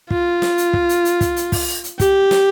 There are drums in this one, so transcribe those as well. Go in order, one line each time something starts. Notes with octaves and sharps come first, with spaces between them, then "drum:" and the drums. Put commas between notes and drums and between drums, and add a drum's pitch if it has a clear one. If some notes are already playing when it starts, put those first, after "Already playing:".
F4, drum: kick
drum: snare
drum: hi-hat
drum: kick
drum: hi-hat
drum: hi-hat
drum: kick, hi-hat
drum: hi-hat
drum: kick, open hi-hat
drum: hi-hat
drum: hi-hat
G4, drum: kick, hi-hat
drum: snare